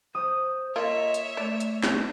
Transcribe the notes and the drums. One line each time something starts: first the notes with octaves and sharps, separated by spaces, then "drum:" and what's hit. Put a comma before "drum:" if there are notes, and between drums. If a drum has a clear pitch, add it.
C5 D#6
A#3 F4 C#5 D#5 E5
drum: hi-hat
A3 D5
drum: hi-hat
drum: snare